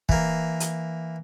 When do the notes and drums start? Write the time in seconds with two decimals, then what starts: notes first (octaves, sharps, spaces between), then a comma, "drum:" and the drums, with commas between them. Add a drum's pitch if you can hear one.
0.09 E3 A#3, drum: kick
0.60 drum: hi-hat